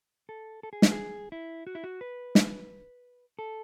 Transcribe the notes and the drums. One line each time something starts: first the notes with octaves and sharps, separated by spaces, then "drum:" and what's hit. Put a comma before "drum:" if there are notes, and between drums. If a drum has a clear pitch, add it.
A4
A4
G#4
F#4, drum: snare
G#4
E4
F#4
E4
F#4
B4
drum: snare
A4